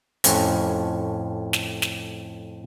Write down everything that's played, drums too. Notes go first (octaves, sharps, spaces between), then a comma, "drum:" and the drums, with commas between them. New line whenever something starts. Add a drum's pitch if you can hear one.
F2 A2 C#4 C#5 F#5, drum: hi-hat
drum: snare
drum: snare